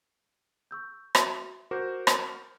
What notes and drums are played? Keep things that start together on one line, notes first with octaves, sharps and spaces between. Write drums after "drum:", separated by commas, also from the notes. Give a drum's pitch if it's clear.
C#6 E6 G6
F#4 E5 C6, drum: rim click
F#4 A#4 C5 D6 G6
drum: rim click